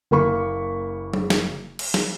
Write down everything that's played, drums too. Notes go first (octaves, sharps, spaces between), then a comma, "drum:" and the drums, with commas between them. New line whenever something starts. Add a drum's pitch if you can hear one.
F#1 A#3 B5 C#6
drum: tom F#3
drum: snare
drum: cymbal
drum: snare